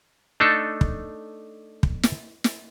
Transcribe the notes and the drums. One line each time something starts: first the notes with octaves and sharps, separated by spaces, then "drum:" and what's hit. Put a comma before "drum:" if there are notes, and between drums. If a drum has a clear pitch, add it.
A3 D4 D#4 A4
drum: kick
drum: kick
drum: snare
drum: snare